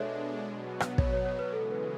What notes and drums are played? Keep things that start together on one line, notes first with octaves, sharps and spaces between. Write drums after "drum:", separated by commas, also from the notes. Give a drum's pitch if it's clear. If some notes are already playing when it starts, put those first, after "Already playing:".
Already playing: B2 G#3 D4 A4 B4 C#5 E5
B2 F#3 B3
drum: rim click
C#5, drum: kick
C#5
C#5
B4
C#3 E3 G#3 A4
B4